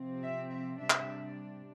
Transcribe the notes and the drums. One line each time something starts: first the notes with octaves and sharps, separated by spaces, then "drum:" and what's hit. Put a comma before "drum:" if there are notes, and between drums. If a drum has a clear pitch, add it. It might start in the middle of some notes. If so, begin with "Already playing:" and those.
Already playing: C3 F3 C4
E5
E5
C3 G3 D4 E5
drum: clap